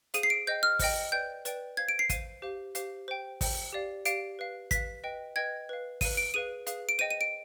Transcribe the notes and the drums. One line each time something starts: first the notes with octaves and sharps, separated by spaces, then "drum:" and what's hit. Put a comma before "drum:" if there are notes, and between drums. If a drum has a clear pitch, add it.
G#4 C5 F5 D#7, drum: hi-hat
C7
D7
C5 D#5 G5 G6
F6
C5 D#5 G5, drum: kick, open hi-hat
B4 D5 G5 G6
B4 D5 G5, drum: hi-hat
C5 F5 G#6
D7
C7
C5 F5 D#7, drum: kick, hi-hat
G4 C5 F5
G4 C5 F5, drum: hi-hat
C5 G5
C5 G5, drum: kick, open hi-hat
G4 D5 F5
G4 D5 F5 D7, drum: hi-hat
B4 F5
B4 F5 B6, drum: kick, hi-hat
B4 D#5 G5
B4 D#5 G5 G#6
B4 F5
B4 F5 D#7, drum: kick, open hi-hat
D7
G#4 B4 F5 D#7
G#4 B4 F5, drum: hi-hat
D7
C5 D#5 G5 D#7
D#7
D7